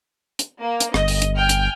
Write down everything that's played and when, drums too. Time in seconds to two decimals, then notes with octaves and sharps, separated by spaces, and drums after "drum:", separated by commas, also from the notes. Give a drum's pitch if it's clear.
0.39 drum: hi-hat
0.62 A#3
0.80 drum: hi-hat
0.94 G1 D#5, drum: rim click
1.08 drum: open hi-hat
1.22 drum: hi-hat
1.36 G5 G#5 F6
1.49 drum: hi-hat